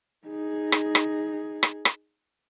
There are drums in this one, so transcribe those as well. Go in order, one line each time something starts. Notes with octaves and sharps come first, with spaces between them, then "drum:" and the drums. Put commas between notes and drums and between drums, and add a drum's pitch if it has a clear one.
D#4 G#4
drum: rim click
drum: rim click
drum: rim click
drum: rim click